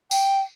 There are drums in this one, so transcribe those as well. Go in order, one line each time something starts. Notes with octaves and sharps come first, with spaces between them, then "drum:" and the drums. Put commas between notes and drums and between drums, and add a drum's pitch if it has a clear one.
G5, drum: tambourine